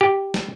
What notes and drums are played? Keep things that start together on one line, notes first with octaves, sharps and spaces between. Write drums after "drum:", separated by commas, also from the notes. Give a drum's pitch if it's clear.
G4
drum: snare